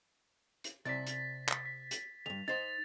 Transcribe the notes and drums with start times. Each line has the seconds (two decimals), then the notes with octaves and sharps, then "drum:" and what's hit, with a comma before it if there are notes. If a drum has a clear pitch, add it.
0.64 drum: hi-hat
0.85 C3 D5 A6 B6
1.07 drum: hi-hat
1.49 drum: clap
1.66 B6
1.91 drum: hi-hat
2.26 D2 G2 F7
2.48 D#4 C5 A6